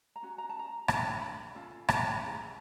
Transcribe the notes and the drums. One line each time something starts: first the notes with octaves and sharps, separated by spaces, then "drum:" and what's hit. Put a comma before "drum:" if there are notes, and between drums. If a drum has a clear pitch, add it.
A#5
C#4 F#4
A#5
A5
A#5
D4 F#4 A4, drum: rim click
B5
C#4 F4 A4
drum: rim click
B5
C#4 E4 G#4 A#5